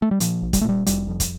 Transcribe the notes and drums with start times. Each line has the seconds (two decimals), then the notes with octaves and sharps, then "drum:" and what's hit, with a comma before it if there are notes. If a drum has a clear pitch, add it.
0.02 A3
0.11 G3
0.20 A#2 F3, drum: hi-hat
0.42 A#1
0.53 G3, drum: kick, hi-hat
0.61 A3
0.64 A#2 G3
0.86 F1 G3, drum: hi-hat
1.08 F2
1.20 drum: kick, hi-hat